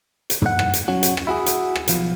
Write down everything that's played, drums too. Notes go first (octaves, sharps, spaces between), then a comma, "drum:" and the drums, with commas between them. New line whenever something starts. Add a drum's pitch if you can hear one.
drum: hi-hat
G2 F#5, drum: tom
drum: rim click
drum: hi-hat
F#3 C#4 F#4
drum: hi-hat
drum: rim click
E4 F#4 G#4
drum: hi-hat
drum: rim click
B1 F3, drum: hi-hat